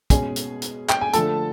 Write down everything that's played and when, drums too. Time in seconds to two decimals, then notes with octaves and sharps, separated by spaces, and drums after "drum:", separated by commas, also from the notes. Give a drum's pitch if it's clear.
0.10 B2 G#3 C#4 G#4 G#5, drum: kick, hi-hat
0.36 drum: hi-hat
0.62 drum: hi-hat
0.89 G5, drum: clap
1.01 G#5
1.13 D3 F3 A3 A4 A5, drum: hi-hat